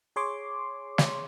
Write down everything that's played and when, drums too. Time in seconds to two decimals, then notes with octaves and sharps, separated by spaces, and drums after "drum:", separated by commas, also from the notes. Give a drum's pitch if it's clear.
0.16 G#4 C#5 C6 D6
0.98 drum: snare